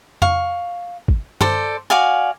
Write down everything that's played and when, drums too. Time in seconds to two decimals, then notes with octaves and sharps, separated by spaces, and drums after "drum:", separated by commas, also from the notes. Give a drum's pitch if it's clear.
0.22 F5 C#6, drum: tom F2
1.08 drum: kick
1.41 A4 C5 D5, drum: tom G2
1.90 F#4 D5 F5 G#5